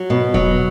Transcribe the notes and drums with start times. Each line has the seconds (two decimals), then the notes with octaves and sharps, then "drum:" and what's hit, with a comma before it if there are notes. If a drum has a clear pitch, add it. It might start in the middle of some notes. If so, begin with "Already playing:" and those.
Already playing: F#3
0.10 B2
0.34 F#3, drum: kick E1